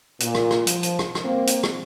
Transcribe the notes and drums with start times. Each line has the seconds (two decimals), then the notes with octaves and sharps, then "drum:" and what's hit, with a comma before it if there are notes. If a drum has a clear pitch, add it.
0.20 A#2, drum: hi-hat
0.35 drum: rim click
0.51 drum: rim click
0.67 F3, drum: hi-hat
0.83 drum: hi-hat
0.99 drum: rim click
1.15 drum: rim click
1.25 A#3 C4
1.47 drum: hi-hat
1.63 drum: rim click